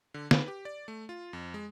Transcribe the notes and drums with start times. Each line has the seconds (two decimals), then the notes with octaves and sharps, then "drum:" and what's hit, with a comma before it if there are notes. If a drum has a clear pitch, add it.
0.14 D3
0.31 B4, drum: snare
0.48 G4
0.65 D5
0.88 A3
1.09 F4
1.33 F2
1.54 G#3